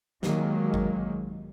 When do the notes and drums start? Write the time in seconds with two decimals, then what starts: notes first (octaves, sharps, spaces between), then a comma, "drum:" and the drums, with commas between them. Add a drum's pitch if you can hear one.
0.23 D#3 F#3 G#3 A#3, drum: snare
0.74 drum: kick G#1